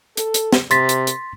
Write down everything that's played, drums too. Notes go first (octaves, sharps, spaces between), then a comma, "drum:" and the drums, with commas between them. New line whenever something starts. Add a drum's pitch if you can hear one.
A4, drum: hi-hat
drum: hi-hat
drum: snare
C3 C6 A6 B6, drum: hi-hat
drum: hi-hat
drum: hi-hat